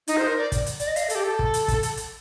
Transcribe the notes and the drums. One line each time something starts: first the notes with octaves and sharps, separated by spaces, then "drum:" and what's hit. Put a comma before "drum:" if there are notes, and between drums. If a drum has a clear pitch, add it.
D#4, drum: hi-hat
C5
A#4
D5
drum: kick, hi-hat
drum: hi-hat
D5, drum: hi-hat
D#5
F5, drum: hi-hat
D#5
A4, drum: hi-hat
G4
A4
drum: kick
drum: hi-hat
drum: kick, hi-hat
drum: hi-hat
drum: hi-hat